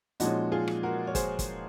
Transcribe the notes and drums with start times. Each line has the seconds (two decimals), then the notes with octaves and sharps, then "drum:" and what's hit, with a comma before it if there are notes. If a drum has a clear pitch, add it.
0.20 A#2 F3 G#3 C#4 D#4 F#4, drum: hi-hat
0.52 F4 G#4
0.68 drum: rim click
0.83 F#4 A#4
1.07 C#5
1.15 G#4 C5, drum: kick, hi-hat
1.39 drum: kick, hi-hat